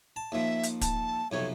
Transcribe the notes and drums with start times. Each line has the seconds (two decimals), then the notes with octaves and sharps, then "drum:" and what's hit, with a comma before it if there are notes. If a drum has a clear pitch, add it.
0.16 A5
0.32 D#2 F3 E5
0.63 drum: hi-hat
0.81 A5, drum: kick, hi-hat
1.32 B1 F2 C3 C#5